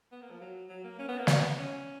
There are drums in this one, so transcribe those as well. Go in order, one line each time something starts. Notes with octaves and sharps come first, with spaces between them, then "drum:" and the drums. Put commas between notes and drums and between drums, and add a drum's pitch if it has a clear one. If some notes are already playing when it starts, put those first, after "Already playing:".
B3
A#3
F3
F#3
F#3
A#3
C#4
B3
A#3
B3, drum: snare
C#4